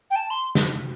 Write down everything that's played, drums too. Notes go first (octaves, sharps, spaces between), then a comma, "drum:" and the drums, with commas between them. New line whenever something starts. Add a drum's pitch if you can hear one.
G5
A5
C6
drum: snare